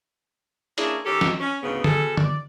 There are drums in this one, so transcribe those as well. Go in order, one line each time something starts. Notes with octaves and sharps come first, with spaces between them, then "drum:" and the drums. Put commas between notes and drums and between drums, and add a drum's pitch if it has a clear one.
A#3 C#4 D4 E4 G#4, drum: hi-hat
D#3 C#4 G4 A4
drum: snare
C#4
D2 G#2 C#3 B3
B2 G#4 A4, drum: tom
D5, drum: tom